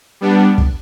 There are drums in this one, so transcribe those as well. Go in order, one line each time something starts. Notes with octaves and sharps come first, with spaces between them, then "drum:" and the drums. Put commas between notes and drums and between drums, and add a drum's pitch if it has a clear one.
G3 B3 D4
drum: kick